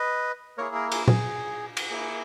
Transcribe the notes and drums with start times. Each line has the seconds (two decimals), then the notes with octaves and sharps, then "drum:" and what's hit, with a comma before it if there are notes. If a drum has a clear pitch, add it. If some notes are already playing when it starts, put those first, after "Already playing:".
Already playing: B4 D#5
0.58 A#3 E4 G#4 A#4 C#5
0.75 A#4
0.92 G#4, drum: cymbal
1.08 G#4, drum: tom A#2
1.77 drum: cymbal
1.90 A#3 E4 G#4